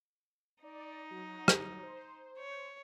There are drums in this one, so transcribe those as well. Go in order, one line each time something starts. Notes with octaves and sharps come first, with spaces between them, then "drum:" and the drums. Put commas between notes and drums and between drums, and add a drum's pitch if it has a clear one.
D#4 D5
F#3
drum: rim click
C5
C#5